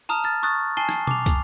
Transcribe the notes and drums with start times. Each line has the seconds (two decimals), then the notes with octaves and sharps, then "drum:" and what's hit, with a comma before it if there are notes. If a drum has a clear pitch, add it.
0.09 A5 A#5 D#6 F6
0.24 F6 A6
0.43 C#6 D#6 F#6 A6
0.77 G#5 A5 C7 G7
0.89 drum: rim click
1.07 D6 F7, drum: tom B2
1.26 drum: kick, hi-hat